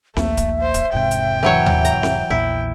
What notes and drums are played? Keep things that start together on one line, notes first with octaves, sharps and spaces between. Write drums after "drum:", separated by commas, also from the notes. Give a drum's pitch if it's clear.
A#1 D#2 A3 A#3 E5, drum: snare C4
drum: kick C#1, hi-hat
C5
drum: kick C#1, hi-hat
E1 G#2 C3 G5
drum: hi-hat
E3 F#3 C#5 E5
drum: tom D#2
A#5, drum: hi-hat
drum: snare C4
A#1 E2 A#2 E4